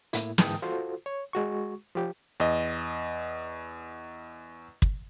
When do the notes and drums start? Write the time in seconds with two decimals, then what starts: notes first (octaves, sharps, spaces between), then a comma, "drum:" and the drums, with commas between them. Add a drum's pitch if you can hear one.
0.13 A2 A#3 E4, drum: hi-hat
0.38 G#2 D3 E3 G5 A5 D#6, drum: snare
0.62 F4 F#4 A4 C5
1.06 C#5
1.33 G#3 F#4 C#6
1.95 F3 G4
2.40 E2 D#5
4.82 drum: kick